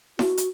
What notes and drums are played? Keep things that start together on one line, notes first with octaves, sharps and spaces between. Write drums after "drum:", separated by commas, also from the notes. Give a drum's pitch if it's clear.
F#4, drum: snare E4
drum: hi-hat